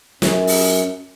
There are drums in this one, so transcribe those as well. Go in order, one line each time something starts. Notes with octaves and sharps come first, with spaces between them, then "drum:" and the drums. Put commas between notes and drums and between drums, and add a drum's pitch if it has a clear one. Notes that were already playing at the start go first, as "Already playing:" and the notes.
F#2, drum: snare
drum: open hi-hat